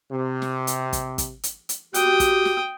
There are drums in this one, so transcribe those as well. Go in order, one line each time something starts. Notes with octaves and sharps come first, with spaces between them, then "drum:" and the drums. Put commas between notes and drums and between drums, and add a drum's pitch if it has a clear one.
C3
drum: snare
drum: hi-hat
drum: kick, hi-hat
drum: kick, hi-hat
drum: hi-hat
drum: hi-hat
F#4 G4 G5 D#6, drum: hi-hat
drum: kick, hi-hat
drum: snare